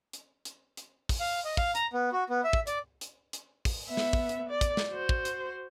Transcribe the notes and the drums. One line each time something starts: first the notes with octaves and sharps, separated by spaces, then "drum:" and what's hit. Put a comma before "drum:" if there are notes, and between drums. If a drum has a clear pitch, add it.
drum: hi-hat
drum: hi-hat
drum: hi-hat
drum: kick, open hi-hat
F5
D#5
F5, drum: kick
A#5, drum: hi-hat
B3
F#4
B3
E5
drum: kick
D5, drum: hi-hat
drum: hi-hat
drum: hi-hat
drum: kick, open hi-hat
B3 E5
drum: snare
drum: kick
drum: hi-hat
D5
drum: kick, hi-hat
drum: snare
F#4 C5
drum: kick
drum: hi-hat